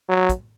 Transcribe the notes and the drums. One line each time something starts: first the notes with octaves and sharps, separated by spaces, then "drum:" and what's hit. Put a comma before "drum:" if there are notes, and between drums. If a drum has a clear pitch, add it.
F#3
drum: kick, hi-hat